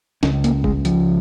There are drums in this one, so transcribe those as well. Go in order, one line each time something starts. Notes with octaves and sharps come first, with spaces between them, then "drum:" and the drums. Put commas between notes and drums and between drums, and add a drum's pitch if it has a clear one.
C#2 C#3 C#4, drum: snare
A#3, drum: hi-hat
G#3, drum: kick F#1
F3, drum: hi-hat